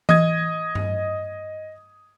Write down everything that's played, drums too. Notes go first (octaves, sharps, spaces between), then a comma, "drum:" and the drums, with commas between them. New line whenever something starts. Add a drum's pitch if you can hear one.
D#5 D#6 G#6, drum: tom E3
drum: tom G2